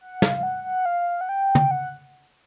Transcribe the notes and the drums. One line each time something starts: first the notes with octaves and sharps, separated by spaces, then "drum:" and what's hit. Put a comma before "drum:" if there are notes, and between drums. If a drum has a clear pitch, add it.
F#5
F5, drum: snare
F5
F#5
F#5
F5
F#5
G5
drum: tom
F#5